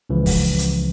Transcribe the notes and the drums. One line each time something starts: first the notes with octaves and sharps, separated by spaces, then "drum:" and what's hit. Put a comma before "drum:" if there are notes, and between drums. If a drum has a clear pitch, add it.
C#2 C#3 E3 F3
drum: kick, open hi-hat
drum: hi-hat